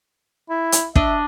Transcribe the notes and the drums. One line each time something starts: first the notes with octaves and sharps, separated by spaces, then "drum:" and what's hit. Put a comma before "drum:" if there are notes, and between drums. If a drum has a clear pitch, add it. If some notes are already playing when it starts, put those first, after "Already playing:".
E4
drum: hi-hat
D4 D#5 E5, drum: kick